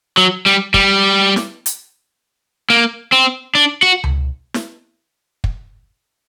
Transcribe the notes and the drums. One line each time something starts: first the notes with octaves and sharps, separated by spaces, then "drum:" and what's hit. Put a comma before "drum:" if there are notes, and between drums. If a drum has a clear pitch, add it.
F#3
G3
G3, drum: kick
drum: snare
drum: hi-hat
A#3
C4
D4
F#4
drum: tom C#2
drum: snare
drum: kick